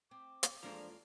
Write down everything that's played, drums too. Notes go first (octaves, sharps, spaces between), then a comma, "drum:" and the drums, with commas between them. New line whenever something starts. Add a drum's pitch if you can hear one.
C4 D6
drum: hi-hat
E2 F3 G#3 A#3 D4 F4 A4 A#4